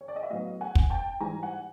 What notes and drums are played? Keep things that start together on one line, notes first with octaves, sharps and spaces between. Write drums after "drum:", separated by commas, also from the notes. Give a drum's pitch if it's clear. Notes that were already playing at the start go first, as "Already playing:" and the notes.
C#5
D5
D#5
E5
A2 F#3 B3 D#5 F5
F#5 G#5
drum: kick
G5 A5
G#2 E3 G3 G#5 A#5
F#5 G#5